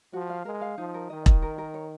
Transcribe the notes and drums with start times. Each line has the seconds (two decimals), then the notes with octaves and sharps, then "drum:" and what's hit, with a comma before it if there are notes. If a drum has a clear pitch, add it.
0.13 F3 F#4
0.30 F5
0.45 G#3 A#4
0.61 F5
0.78 F3 D#4
0.94 A#4
1.10 D#3 D#5
1.26 D#5, drum: kick E1
1.42 A#4
1.58 A#4
1.74 C#5